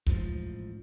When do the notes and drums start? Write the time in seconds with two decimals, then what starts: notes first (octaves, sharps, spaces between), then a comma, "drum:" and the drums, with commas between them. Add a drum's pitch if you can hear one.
0.07 A1 G#2 F3, drum: kick